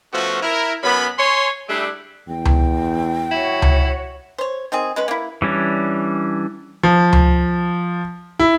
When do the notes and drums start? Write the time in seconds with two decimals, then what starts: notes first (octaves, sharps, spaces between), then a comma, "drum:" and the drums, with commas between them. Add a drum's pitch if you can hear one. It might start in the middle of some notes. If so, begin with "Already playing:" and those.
0.13 F3 A3 B3 C#4 F4 F#4
0.43 E4 A#4
0.83 F#2 B3 C#4 B5
1.19 C#5 G#5 C6
1.68 G3 A3 D4 E4 G4 G#4
2.28 E2 G5
2.45 drum: tom C#2
3.31 E4 F#4 C#5
3.62 drum: tom C#2
4.38 C5 C#5
4.72 D#3 C4 G#4
4.96 G#3 C#4 B4
5.08 A#3 E4
5.42 E3 G3 C#4 D4
6.83 F3
7.13 drum: tom C#2
8.39 E4